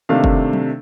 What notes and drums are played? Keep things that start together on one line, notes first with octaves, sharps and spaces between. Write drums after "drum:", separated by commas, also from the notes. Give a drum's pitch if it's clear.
C3 D#3 A3 D4 F5
drum: kick
drum: tom F#3